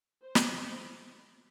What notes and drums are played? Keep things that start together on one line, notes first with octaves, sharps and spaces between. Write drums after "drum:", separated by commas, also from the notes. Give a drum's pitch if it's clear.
C5
drum: snare